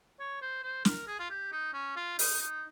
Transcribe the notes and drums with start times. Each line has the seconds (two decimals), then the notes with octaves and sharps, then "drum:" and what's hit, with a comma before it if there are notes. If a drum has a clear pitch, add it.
0.20 C#5
0.42 C5
0.63 C5
0.85 A#4, drum: snare
1.08 G#4
1.19 F4
1.30 G4
1.52 D#4
1.73 C#4
1.96 F4
2.19 D#4, drum: open hi-hat
2.41 D#4